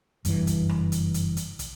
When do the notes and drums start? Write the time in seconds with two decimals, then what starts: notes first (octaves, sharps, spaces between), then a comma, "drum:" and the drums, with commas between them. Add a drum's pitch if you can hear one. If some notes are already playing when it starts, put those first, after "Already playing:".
0.25 F#1 G2 B2 E3, drum: hi-hat
0.47 drum: kick, hi-hat
0.69 drum: rim click
0.92 drum: hi-hat
1.14 drum: hi-hat
1.37 drum: hi-hat
1.59 drum: kick, hi-hat